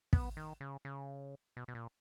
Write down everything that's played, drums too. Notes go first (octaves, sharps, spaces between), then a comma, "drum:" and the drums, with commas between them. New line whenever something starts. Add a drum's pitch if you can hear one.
B3, drum: kick
D#3
C#3
C#3
B2
B2
A#2